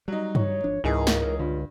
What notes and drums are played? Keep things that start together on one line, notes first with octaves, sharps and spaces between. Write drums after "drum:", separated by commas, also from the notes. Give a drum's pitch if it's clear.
F#3 G3 D#4
C#5, drum: tom G2
G#1 F3 D4
C#2 G#2 E3 D#4 G#4 A#4
drum: snare
G2 D3 F4